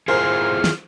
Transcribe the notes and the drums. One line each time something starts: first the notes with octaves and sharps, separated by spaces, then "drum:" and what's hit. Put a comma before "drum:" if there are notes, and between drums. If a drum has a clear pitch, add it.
E4 F4 G#4 A#4 C5 F6
drum: snare